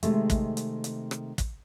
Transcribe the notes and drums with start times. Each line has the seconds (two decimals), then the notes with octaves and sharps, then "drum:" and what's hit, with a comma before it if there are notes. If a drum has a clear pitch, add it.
0.03 C3 D#3 G#3 A3, drum: hi-hat
0.30 drum: kick, hi-hat
0.57 drum: hi-hat
0.84 drum: hi-hat
1.11 drum: rim click
1.38 drum: kick, hi-hat